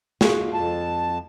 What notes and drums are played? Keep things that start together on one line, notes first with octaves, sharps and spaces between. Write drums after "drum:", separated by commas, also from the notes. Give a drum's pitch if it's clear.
F4 F#4 G#4, drum: snare
F2 A5